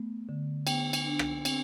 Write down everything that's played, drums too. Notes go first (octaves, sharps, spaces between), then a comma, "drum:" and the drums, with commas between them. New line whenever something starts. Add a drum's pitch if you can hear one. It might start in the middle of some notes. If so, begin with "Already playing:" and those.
Already playing: A3 B3
D3
B3 G5, drum: cymbal
drum: cymbal
D4
drum: rim click
C4, drum: cymbal